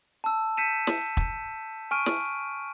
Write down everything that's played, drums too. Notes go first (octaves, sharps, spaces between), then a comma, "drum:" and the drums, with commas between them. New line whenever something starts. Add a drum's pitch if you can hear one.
A5 E6
G6 B6 C#7 D#7 E7
drum: snare
drum: kick
G#5 C#6 F6 D7 D#7
drum: snare